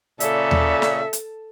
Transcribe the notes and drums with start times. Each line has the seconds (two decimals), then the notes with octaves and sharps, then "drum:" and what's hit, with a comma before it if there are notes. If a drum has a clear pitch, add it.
0.20 A#2 C#3 A4 D5 E5, drum: hi-hat
0.51 drum: tom D#2
0.82 drum: snare
1.13 drum: hi-hat